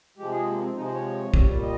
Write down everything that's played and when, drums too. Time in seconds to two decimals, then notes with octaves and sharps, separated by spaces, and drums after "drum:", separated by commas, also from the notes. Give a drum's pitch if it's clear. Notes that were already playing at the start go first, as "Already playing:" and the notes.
0.17 C3 F3 G#3 G4
0.31 G#4
0.47 A#3
0.60 C4
0.75 C3 F3 G#3 D#4
0.85 C5
0.94 C#5
1.34 A#2 G3, drum: kick
1.62 D#5